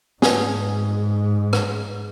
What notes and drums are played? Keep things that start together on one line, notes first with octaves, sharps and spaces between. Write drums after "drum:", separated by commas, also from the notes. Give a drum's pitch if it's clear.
G#2 G#4, drum: snare
drum: rim click